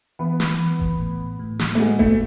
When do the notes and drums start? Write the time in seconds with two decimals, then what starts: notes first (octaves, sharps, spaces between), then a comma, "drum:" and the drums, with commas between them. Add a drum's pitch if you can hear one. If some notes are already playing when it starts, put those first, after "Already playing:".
0.19 E3 B3
0.40 drum: snare
0.60 E3
0.80 drum: kick F#1
1.00 A2
1.39 A2
1.59 drum: snare
1.75 A3
1.79 G#3 F#4
1.99 A3, drum: kick F#1